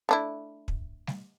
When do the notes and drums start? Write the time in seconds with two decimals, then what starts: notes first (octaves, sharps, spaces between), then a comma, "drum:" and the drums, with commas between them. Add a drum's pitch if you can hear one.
0.09 A3 D4 E4
0.68 drum: kick
1.07 drum: snare G3